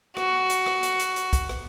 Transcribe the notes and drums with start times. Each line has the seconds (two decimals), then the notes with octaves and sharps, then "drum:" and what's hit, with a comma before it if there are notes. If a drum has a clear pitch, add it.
0.17 F#4, drum: rim click
0.50 drum: hi-hat
0.66 drum: rim click
0.83 drum: hi-hat
1.00 drum: hi-hat
1.16 drum: hi-hat
1.33 drum: kick, hi-hat
1.49 drum: rim click